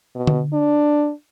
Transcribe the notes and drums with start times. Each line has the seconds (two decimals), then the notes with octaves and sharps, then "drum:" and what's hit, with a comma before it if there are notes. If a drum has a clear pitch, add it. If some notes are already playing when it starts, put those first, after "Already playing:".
0.16 B2
0.27 drum: tom D3
0.53 D4